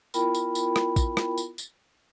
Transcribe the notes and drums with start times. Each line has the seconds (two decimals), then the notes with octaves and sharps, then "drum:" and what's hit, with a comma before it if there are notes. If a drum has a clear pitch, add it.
0.14 B3 E4 F4 A#4 G5 B5, drum: tambourine
0.35 drum: tambourine
0.55 drum: tambourine
0.76 drum: rim click
0.96 drum: kick, tambourine
1.17 drum: rim click
1.38 drum: tambourine
1.58 drum: tambourine